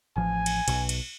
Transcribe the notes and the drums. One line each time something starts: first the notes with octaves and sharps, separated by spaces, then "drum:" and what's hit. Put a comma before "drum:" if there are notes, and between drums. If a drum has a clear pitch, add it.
A1 F3 G#5
drum: cymbal
B1 B2, drum: cymbal
drum: cymbal